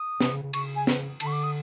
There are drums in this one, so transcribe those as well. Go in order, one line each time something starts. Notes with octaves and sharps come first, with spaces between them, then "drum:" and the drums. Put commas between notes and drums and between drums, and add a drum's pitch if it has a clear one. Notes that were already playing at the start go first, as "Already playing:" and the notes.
Already playing: D#6
C3, drum: snare
C#3
C#3
C#3 C#6, drum: cymbal
G#5
drum: snare
D3 A5, drum: cymbal
C#6
D6
D#6